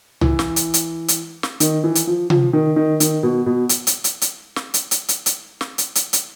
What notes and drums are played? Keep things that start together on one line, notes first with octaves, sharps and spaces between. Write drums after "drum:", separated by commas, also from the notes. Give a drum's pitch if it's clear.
E3, drum: tom C2
drum: snare
drum: hi-hat
drum: hi-hat
drum: hi-hat
drum: snare
D#3, drum: hi-hat
E3
drum: hi-hat
F3
F3, drum: tom C3
D#3
D#3
D#3, drum: hi-hat
B2
B2
drum: hi-hat
drum: hi-hat
drum: hi-hat
drum: hi-hat
drum: snare
drum: hi-hat
drum: hi-hat
drum: hi-hat
drum: hi-hat
drum: snare
drum: hi-hat
drum: hi-hat
drum: hi-hat